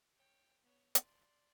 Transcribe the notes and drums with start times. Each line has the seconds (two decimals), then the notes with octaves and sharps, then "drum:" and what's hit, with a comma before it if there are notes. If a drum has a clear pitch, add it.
0.17 C#5 G5
0.64 B3 C#5
0.95 D5 C6, drum: hi-hat